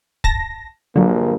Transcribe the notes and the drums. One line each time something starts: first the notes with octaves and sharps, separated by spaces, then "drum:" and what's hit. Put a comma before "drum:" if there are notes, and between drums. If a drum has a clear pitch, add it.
A5 A#6, drum: kick
A#1 G2 D3 F#3 A#3